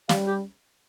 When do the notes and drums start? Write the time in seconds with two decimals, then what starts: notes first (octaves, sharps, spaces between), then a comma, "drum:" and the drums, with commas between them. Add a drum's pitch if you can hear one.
0.09 G3 F5, drum: snare
0.28 G4